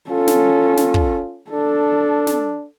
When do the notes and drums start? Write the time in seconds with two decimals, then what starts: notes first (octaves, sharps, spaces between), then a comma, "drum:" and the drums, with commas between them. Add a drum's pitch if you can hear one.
0.11 C#4 F4 A4
0.28 drum: snare
0.77 drum: snare
0.94 drum: kick
1.51 D4 A4
2.27 drum: snare